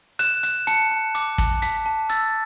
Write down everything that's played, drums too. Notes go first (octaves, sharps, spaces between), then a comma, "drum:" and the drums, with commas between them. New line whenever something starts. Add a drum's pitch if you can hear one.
F#6 E7, drum: hi-hat
F#6, drum: hi-hat
A5 C#7, drum: hi-hat
A5
D6, drum: hi-hat
A5, drum: kick, hi-hat
A5 B6, drum: hi-hat
A5
E6 A6, drum: hi-hat